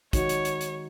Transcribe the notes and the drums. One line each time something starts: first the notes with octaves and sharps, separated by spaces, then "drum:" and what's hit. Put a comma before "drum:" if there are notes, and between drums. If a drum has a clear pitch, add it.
D#3 G#3 D#4 F#4 C#5, drum: kick, hi-hat
drum: hi-hat
drum: hi-hat
drum: hi-hat